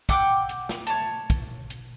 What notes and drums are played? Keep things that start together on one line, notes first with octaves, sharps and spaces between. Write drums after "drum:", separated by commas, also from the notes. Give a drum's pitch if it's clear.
F#5 G5 D6 E6, drum: kick, hi-hat
drum: hi-hat
drum: snare
C#5 A5, drum: hi-hat
drum: kick, hi-hat
drum: hi-hat